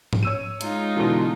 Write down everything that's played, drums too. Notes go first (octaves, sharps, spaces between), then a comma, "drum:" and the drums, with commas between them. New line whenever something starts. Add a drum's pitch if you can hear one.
drum: tom G#2
C#5 E6 D#7
G#3 D#4 F4, drum: hi-hat
B2 D3 E3